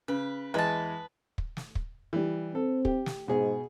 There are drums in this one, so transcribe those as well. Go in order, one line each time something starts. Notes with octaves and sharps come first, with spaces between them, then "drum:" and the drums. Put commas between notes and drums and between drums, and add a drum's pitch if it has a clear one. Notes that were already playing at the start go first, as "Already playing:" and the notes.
C#3 B4
E2 G#3 B4 A5
drum: kick
drum: snare
drum: kick
E3 G3
C4 A4
G4, drum: kick
drum: snare
G#2 B2 G#4